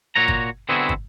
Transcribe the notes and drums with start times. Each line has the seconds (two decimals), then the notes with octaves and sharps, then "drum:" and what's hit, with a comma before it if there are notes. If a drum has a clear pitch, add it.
0.15 A#2 F#4 C#5 A#5
0.28 drum: kick
0.69 D3 B3 C4 E4 F#4 G#4
0.89 drum: kick